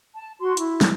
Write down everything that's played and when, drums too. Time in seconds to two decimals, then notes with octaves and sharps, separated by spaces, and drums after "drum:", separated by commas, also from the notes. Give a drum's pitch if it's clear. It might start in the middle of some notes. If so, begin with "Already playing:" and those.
0.15 A5
0.40 F#4 C6
0.57 E4, drum: hi-hat
0.81 drum: snare